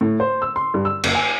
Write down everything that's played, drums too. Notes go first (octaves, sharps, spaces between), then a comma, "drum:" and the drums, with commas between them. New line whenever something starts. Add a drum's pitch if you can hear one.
A2
C5
E6
C6
G2
E6
F#1, drum: cymbal
G#5